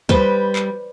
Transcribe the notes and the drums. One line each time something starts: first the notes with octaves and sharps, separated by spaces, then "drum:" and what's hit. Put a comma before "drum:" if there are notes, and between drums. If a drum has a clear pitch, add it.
G3 B4 C5, drum: kick C#2
drum: clap